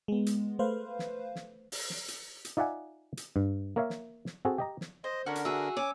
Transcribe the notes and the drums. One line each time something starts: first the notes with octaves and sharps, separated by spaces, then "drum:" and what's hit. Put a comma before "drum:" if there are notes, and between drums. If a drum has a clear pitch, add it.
G#3 B3
drum: hi-hat
A3 B4 C5 F5
drum: snare
drum: snare
drum: open hi-hat
drum: snare
drum: hi-hat
drum: hi-hat
D#4 F4 D5 E5 F#5 G#5
drum: hi-hat
G2
A#3 A#4 C#5 E5 F5
drum: snare
drum: snare
C4 F#4 G#4 A4
G4 D#5 A#5
drum: snare
C5 D#5
D3 C#4 D4 F#4 A#4
drum: hi-hat
F#4 G#4 E5
C#4 D6